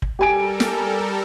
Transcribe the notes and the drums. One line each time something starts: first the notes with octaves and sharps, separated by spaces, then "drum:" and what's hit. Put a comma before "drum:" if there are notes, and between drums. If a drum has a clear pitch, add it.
drum: kick
G3 G4 A4 A#4 G#5 D7
drum: snare